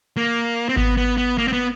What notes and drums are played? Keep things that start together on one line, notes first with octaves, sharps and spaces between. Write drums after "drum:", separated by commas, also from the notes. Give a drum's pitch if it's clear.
A#3
C4
B3, drum: kick G#1
B3
B3
A#3
C4
B3